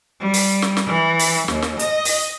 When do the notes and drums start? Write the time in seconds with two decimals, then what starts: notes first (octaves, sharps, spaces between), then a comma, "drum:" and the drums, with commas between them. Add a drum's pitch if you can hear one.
0.20 G3
0.34 drum: open hi-hat
0.62 drum: snare
0.77 drum: snare
0.87 E3
1.20 drum: open hi-hat
1.48 D#2, drum: snare
1.62 drum: snare
1.79 D#5, drum: hi-hat
2.05 drum: open hi-hat